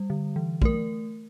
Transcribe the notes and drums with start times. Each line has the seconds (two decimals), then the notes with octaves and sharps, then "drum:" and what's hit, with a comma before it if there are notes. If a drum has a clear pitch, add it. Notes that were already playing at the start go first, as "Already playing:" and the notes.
Already playing: G3
0.10 D3
0.36 E3
0.62 A3 A#4, drum: kick